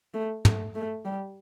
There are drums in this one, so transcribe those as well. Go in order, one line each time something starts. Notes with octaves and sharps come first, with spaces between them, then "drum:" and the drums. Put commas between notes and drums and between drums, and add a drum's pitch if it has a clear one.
A3
A3, drum: tom
A3
G3